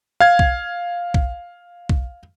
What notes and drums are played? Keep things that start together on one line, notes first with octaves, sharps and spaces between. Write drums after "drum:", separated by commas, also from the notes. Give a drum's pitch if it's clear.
F5 G#6
drum: kick
drum: kick
drum: kick